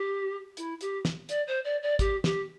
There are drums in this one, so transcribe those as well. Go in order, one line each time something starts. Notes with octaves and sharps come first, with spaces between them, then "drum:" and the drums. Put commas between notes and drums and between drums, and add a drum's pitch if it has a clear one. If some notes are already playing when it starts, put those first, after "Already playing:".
Already playing: G4
E4, drum: hi-hat
G4, drum: hi-hat
drum: snare
D5, drum: hi-hat
C5
D5
D5
G4, drum: kick, hi-hat
G4, drum: snare